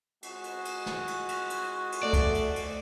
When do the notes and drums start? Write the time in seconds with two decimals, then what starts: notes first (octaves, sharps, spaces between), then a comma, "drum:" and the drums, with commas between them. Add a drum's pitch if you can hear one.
0.23 G#3 F#4, drum: cymbal
0.44 drum: cymbal
0.65 drum: cymbal
0.86 drum: snare
1.07 drum: cymbal
1.29 drum: cymbal
1.50 drum: cymbal
1.92 drum: cymbal
2.03 A3 D5
2.13 drum: kick, cymbal
2.35 drum: cymbal
2.56 drum: cymbal